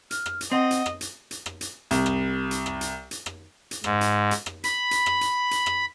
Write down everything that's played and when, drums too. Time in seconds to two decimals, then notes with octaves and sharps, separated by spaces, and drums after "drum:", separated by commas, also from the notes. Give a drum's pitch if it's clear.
0.11 F6, drum: hi-hat
0.26 drum: rim click
0.41 drum: hi-hat
0.52 C4 D#5 F#5
0.71 drum: hi-hat
0.86 drum: rim click
1.01 drum: hi-hat
1.31 drum: hi-hat
1.46 drum: rim click
1.61 drum: hi-hat
1.91 C2, drum: hi-hat
2.06 drum: rim click
2.51 drum: hi-hat
2.66 drum: rim click
2.81 drum: hi-hat
3.11 drum: hi-hat
3.26 drum: rim click
3.71 drum: hi-hat
3.84 G#2, drum: rim click
4.01 drum: hi-hat
4.31 drum: hi-hat
4.46 drum: rim click
4.64 B5, drum: hi-hat
4.91 drum: hi-hat
5.06 drum: rim click
5.21 drum: hi-hat
5.51 drum: hi-hat
5.66 drum: rim click